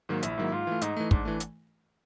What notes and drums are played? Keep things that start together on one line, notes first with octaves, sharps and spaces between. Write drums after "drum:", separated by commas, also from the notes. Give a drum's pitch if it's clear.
G#2 D#3 F#3 A#3
A#1 E4, drum: hi-hat
G#2 D#3 F#3 A#3
G#2 F4
E3 A3
G#2 D#4, drum: hi-hat
E3 A3
G#2 D4, drum: kick
E3 A3
drum: hi-hat